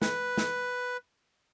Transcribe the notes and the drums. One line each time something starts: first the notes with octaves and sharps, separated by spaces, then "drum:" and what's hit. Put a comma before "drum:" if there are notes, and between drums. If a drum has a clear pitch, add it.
B4, drum: snare
drum: snare